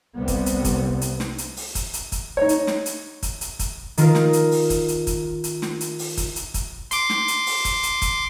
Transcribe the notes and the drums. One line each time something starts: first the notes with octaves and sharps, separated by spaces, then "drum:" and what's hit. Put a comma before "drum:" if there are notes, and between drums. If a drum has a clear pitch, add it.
C2 C3 G3 B3
drum: kick, hi-hat
drum: hi-hat
drum: kick, hi-hat
drum: hi-hat
drum: snare
drum: hi-hat
drum: open hi-hat
drum: kick, hi-hat
drum: hi-hat
drum: kick, hi-hat
D#4 C#5
drum: hi-hat
drum: snare
drum: hi-hat
drum: kick, hi-hat
drum: hi-hat
drum: kick, hi-hat
D#3 F4 A#4, drum: hi-hat
drum: snare
drum: hi-hat
drum: open hi-hat
drum: kick, hi-hat
drum: hi-hat
drum: kick, hi-hat
drum: hi-hat
drum: snare
drum: hi-hat
drum: open hi-hat
drum: kick, hi-hat
drum: hi-hat
drum: kick, hi-hat
C6 D6, drum: hi-hat
drum: snare
drum: hi-hat
drum: open hi-hat
drum: kick, hi-hat
drum: hi-hat
drum: kick, hi-hat